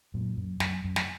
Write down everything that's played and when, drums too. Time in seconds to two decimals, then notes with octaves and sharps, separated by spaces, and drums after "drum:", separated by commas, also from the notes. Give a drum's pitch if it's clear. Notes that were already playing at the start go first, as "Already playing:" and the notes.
0.14 F#2 A#2
0.37 F#2
0.60 F#2, drum: snare
0.84 F#2
0.96 drum: snare